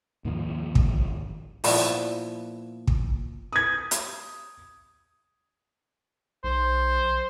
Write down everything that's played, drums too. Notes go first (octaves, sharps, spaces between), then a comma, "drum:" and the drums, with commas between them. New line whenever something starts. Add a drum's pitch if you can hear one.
D#2 G#2 D#3 F3
drum: kick
A#2 F3 B3 E4, drum: open hi-hat
drum: kick
D#6 G#6
drum: hi-hat
B1 C5